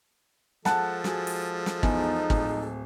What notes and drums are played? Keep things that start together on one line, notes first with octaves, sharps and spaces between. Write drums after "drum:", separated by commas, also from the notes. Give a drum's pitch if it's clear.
F3 G#3 A4 F#5 A5 F#6, drum: snare
F#4 G#4, drum: snare
drum: open hi-hat
drum: snare
E2 D#4, drum: kick G#1
D1, drum: kick G#1